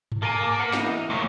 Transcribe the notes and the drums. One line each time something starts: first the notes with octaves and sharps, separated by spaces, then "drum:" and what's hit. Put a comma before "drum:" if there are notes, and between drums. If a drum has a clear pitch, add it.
drum: tom G2
A#3 A4 G#5
G#4 A5 D6
B4 F#5
E3 D#4 D#5, drum: snare
E2 A#2 A3 A#3 C#5